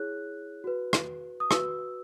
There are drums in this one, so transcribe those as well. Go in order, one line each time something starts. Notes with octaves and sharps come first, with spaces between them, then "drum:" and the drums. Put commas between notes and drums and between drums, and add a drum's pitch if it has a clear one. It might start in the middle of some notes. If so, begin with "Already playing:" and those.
Already playing: E4 G#4 C#5 F#6
F#4 B4
drum: rim click
D#6
F#4 B4 E6, drum: rim click